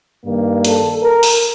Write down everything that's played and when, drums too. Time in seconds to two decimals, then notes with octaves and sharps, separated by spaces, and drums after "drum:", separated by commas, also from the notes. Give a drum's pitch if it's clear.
0.24 G2 D#3 A#3
0.65 A4, drum: hi-hat
1.03 A#4
1.23 drum: open hi-hat